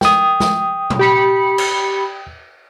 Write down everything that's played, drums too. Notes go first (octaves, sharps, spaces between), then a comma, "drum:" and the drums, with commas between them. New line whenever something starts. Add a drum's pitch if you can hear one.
G5 D#6, drum: snare
drum: snare
drum: tom A#2
G4 B5 C#7
drum: cymbal